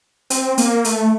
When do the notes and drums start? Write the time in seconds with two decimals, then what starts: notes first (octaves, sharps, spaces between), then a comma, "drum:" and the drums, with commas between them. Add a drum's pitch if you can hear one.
0.30 C4, drum: hi-hat
0.58 A#3, drum: hi-hat
0.85 A3, drum: hi-hat